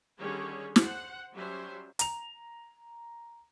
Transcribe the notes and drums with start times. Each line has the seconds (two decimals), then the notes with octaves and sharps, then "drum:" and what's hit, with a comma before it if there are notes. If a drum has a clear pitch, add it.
0.19 D3 D#3 G3 C#4 G#4 C#5
0.76 C5 F#5, drum: snare
1.34 F#3 G3 C#4 C5 E5
1.99 A#5 F7, drum: hi-hat